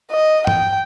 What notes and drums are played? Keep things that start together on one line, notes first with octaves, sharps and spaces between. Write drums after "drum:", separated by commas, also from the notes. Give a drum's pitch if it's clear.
D#5
G5, drum: tom G2